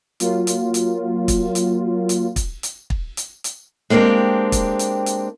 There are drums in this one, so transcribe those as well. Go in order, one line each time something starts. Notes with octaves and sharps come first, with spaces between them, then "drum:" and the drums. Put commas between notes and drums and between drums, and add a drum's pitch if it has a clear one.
F#3 A#3 F4, drum: hi-hat
drum: hi-hat
drum: hi-hat
drum: kick, hi-hat
drum: hi-hat
drum: hi-hat
drum: kick, hi-hat
drum: hi-hat
drum: kick
drum: hi-hat
drum: hi-hat
G#3 A#3 C4 D4 G4
drum: kick, hi-hat
drum: hi-hat
drum: hi-hat